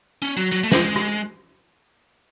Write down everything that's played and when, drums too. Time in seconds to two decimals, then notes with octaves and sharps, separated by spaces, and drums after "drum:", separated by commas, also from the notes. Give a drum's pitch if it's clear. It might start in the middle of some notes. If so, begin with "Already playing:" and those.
0.22 C#4
0.37 F#3
0.52 F#3
0.64 A3
0.72 G#3, drum: snare
0.96 drum: rim click